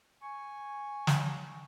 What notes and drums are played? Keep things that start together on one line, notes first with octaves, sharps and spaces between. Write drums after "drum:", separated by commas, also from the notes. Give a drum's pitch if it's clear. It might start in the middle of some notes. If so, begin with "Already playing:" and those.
G#5 C#6
drum: snare